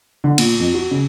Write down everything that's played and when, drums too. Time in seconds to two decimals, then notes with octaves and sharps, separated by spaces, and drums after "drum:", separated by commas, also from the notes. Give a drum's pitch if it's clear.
0.24 D3
0.38 A#2, drum: cymbal
0.60 F2
0.74 F#4
0.91 C#3